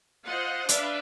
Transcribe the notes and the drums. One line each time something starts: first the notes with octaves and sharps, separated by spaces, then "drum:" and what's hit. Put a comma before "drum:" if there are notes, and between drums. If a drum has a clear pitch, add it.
F4 C5 D#5 F#5
D4 B4 E5 F5, drum: hi-hat